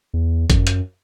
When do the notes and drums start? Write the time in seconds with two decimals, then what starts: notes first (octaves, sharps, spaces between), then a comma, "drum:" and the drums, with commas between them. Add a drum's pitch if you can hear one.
0.14 E2
0.50 F#2, drum: kick, hi-hat
0.67 drum: hi-hat